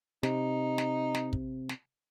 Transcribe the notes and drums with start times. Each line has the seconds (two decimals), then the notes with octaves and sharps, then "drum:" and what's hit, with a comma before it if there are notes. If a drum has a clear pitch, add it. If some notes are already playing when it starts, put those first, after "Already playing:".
0.23 C3 D#4, drum: snare
0.78 drum: snare
1.14 drum: snare
1.33 drum: kick
1.69 drum: snare